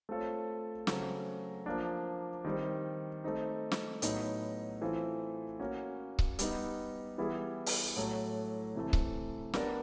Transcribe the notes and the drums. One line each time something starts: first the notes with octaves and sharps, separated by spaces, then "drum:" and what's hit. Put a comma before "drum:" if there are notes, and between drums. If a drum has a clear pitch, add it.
A3 C4 F4 A4 C#5
C#3 F#3 A3 C4, drum: snare
F3 A#3 D4
D#3 G3 C4
A3 C4 D#4
drum: snare
A2 F#3 B3 D#4, drum: hi-hat
E3 A3 C4 F4
A#3 C#4 F#4
drum: kick C#1
G3 B3 D#4, drum: hi-hat
E3 G3 B3 E4 G#4
drum: open hi-hat
A2 F#3 A3
C3 E3 A3
drum: kick C#1
B3 D4 G4 A#4 D5, drum: snare